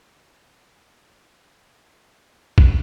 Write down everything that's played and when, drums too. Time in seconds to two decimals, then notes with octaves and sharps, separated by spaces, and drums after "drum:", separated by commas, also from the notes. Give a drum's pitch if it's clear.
0.79 C6
1.77 A#3 G#5
2.24 D#4
2.58 drum: kick